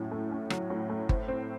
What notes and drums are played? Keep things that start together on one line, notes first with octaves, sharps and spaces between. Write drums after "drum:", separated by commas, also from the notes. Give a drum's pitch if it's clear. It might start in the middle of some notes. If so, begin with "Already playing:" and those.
Already playing: A2 F#3 C#4
A3
C#4
F#3, drum: rim click
A2
A3
C5, drum: kick G1
C4